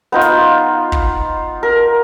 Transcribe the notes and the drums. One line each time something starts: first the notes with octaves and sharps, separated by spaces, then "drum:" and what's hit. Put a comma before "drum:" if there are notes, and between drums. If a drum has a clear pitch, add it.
B3 D#4 F4
drum: snare
drum: kick
A#4